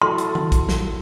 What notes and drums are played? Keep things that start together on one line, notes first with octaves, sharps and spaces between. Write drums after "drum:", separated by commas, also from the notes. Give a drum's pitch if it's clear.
E4 F#4 A4 C6
drum: hi-hat
drum: tom D#3
drum: kick, hi-hat
drum: snare